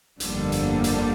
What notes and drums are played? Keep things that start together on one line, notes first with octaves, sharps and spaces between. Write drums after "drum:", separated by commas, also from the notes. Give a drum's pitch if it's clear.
G1 F2 D3 G3 A#3, drum: hi-hat
drum: hi-hat
drum: hi-hat